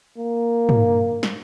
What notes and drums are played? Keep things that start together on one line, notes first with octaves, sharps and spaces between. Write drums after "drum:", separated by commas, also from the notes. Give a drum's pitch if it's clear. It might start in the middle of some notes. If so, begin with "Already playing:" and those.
A#3
drum: tom
drum: snare